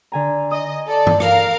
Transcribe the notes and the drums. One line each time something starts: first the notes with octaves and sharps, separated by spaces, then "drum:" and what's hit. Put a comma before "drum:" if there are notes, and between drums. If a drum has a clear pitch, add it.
D3 G#5 A#5
D#5 D#6
A4 D5
drum: tom G2
A#4 F5, drum: rim click